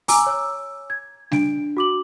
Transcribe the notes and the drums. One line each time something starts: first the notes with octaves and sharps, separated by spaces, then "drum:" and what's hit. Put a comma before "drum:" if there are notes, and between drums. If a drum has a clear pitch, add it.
G#5 A#5 D6 E6, drum: open hi-hat
C#5 E6
G#6
D4 D7, drum: snare
F#4 D6 F#7